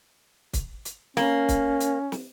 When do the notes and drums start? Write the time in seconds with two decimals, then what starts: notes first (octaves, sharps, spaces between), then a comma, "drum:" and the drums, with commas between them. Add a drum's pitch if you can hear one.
0.53 drum: kick, hi-hat
0.85 drum: hi-hat
1.17 A#3 C#4, drum: snare
1.49 drum: kick, hi-hat
1.80 drum: hi-hat
2.12 drum: snare